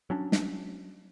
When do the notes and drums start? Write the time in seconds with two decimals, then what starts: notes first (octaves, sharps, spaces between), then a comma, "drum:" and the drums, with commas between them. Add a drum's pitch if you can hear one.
0.10 F#3 C#4 D4
0.32 drum: snare